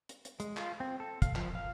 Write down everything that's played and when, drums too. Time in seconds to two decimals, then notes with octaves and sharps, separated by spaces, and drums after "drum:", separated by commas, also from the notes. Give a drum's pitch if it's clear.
0.09 drum: hi-hat
0.25 drum: hi-hat
0.40 G#3, drum: hi-hat
0.57 F4, drum: clap
0.80 C4
1.00 A4
1.22 F5, drum: kick, hi-hat
1.36 F3, drum: clap
1.55 F5